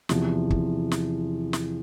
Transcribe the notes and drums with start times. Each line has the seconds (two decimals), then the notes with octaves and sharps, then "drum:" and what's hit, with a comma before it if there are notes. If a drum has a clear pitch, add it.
0.09 E2 C3 F3, drum: snare
0.50 drum: kick
0.91 drum: snare
1.53 drum: snare